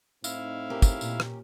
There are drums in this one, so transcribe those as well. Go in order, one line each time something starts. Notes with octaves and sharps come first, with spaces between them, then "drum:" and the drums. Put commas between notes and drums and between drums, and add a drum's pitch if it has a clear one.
A2 C4 D#4 E4 F5, drum: tambourine
C#4 G4 A#4
drum: kick, tambourine
A#2, drum: tambourine
drum: rim click